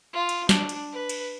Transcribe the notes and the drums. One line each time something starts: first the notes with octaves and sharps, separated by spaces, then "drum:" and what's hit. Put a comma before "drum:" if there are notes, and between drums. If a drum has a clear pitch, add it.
F4
drum: cymbal
D4, drum: snare
drum: cymbal
B4
drum: cymbal